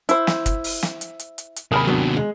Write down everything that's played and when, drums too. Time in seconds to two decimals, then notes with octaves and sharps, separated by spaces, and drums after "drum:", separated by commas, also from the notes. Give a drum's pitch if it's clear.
0.09 E4 C5, drum: hi-hat
0.27 drum: snare
0.46 drum: kick, hi-hat
0.64 drum: open hi-hat
0.83 drum: snare
1.01 drum: hi-hat
1.19 drum: hi-hat
1.38 drum: hi-hat
1.56 drum: hi-hat
1.72 D#2 C3 G#4 A#4 B5
1.87 F#3 B3 D4
2.16 G#3